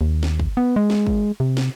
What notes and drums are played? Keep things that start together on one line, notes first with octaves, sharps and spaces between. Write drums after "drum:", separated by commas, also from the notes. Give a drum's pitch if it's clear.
D#2
drum: snare
drum: kick
B3
G#3
drum: snare
drum: kick
C3
drum: snare